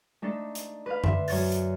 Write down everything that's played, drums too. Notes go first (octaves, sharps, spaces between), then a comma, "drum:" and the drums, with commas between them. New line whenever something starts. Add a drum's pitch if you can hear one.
A3 D4 D#4 A4
drum: hi-hat
B4 F5
D3 E5 C6, drum: tom F#2
F#2 C#5 A6, drum: open hi-hat
drum: hi-hat